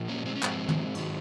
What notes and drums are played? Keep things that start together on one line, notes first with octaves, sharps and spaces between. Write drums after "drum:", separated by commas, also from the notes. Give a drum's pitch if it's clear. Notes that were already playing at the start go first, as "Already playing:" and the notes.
Already playing: A#2 F3
A#3 C#4
G#3 C4
C#4
G#2 F3 G#3 C4, drum: clap
drum: tom
G#2 D#3 F#3, drum: cymbal